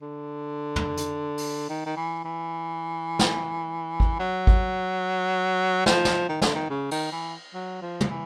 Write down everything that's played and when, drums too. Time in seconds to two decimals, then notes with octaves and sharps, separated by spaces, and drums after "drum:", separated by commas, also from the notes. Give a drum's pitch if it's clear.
0.02 D3
0.76 drum: tom
0.97 drum: hi-hat
1.38 drum: open hi-hat
1.69 D#3
1.86 D#3
1.97 E3
2.24 E3
3.19 drum: snare
4.00 drum: kick G#1
4.19 F#3
4.47 drum: kick G#1
5.86 F3, drum: snare
6.05 drum: snare
6.28 D#3
6.42 D3, drum: snare
6.56 D#3
6.70 C#3
6.91 D#3, drum: cymbal
7.12 E3
7.54 F#3
7.82 F3
8.01 drum: tom
8.10 E3